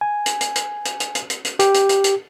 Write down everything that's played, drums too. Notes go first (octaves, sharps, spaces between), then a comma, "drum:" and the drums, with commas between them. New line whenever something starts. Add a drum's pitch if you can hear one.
G#5
drum: hi-hat
drum: hi-hat
drum: hi-hat
drum: hi-hat
drum: hi-hat
drum: hi-hat
drum: hi-hat
drum: hi-hat
G4, drum: hi-hat
drum: hi-hat
drum: hi-hat
drum: hi-hat